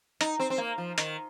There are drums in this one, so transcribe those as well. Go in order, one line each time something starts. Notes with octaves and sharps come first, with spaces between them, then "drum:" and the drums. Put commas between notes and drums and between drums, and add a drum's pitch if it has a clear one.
D#4, drum: hi-hat
C4
C4
A#3
F3
D#3, drum: hi-hat